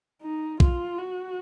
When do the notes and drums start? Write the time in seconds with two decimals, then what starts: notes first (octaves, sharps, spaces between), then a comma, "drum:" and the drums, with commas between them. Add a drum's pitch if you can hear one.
0.22 D#4
0.60 F4, drum: kick
0.98 F#4